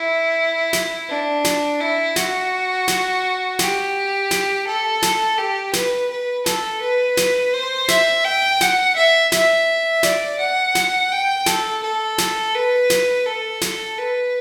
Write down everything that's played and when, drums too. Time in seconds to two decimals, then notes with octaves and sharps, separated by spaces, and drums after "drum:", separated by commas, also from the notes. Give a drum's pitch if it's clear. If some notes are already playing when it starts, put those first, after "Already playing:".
Already playing: E4
0.73 drum: snare
1.09 D4
1.45 drum: snare
1.80 E4
2.16 F#4, drum: snare
2.88 drum: snare
3.59 G4, drum: snare
4.31 drum: snare
4.67 A4
5.02 drum: snare
5.38 G4
5.73 B4, drum: snare
6.10 B4
6.46 A4, drum: snare
6.81 B4
7.17 drum: snare
7.53 C5
7.88 E5, drum: snare
8.24 G5
8.61 F#5, drum: snare
8.96 E5
9.32 E5, drum: snare
10.03 D5, drum: snare
10.39 F#5
10.75 drum: snare
11.11 G5
11.46 A4, drum: snare
11.82 A4
12.18 drum: snare
12.54 B4
12.90 drum: snare
13.25 A4
13.61 drum: snare
13.98 B4